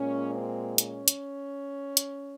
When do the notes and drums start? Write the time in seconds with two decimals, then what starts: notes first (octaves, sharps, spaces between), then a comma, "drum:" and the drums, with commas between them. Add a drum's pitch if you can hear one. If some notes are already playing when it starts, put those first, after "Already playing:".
Already playing: A#2 G#3 C#4
0.34 C4
0.78 C#4, drum: hi-hat
1.08 drum: hi-hat
1.97 drum: hi-hat